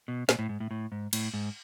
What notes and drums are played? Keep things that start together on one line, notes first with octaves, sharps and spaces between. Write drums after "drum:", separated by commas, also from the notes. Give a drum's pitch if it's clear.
B2
A#2, drum: snare
A2
G#2
A2
A2
G#2
A2, drum: cymbal
G#2